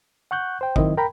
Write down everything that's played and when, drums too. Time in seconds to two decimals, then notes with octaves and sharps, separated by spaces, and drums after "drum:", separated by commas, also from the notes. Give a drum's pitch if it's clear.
0.31 F#5 C#6 F#6 G6
0.61 C5 G5
0.76 D#3 F#3 C4 E4 D#5, drum: kick G#1
0.97 A#4 G5 A#5 B5